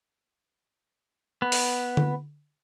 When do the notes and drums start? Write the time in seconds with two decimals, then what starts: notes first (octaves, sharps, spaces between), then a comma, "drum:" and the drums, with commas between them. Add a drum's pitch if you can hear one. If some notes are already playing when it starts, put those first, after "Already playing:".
1.42 B3
1.52 drum: open hi-hat
1.97 drum: tom D3